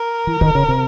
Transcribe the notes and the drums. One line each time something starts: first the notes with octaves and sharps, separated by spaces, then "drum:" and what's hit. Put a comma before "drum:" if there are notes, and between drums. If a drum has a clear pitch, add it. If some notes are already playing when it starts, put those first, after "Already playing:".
Already playing: A#4
E3
D#3, drum: kick
C#3
C3